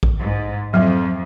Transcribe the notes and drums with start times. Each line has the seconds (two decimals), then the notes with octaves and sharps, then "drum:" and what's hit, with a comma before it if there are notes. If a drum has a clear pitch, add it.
0.03 drum: kick
0.20 G#2
0.74 F2 F#3